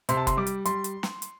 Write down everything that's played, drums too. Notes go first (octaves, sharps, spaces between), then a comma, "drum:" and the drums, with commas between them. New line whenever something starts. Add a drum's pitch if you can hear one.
C3 C6, drum: hi-hat
A5
C6, drum: kick F#1, hi-hat
G3 D6
drum: hi-hat
G3 C6, drum: hi-hat
drum: hi-hat
drum: snare
drum: hi-hat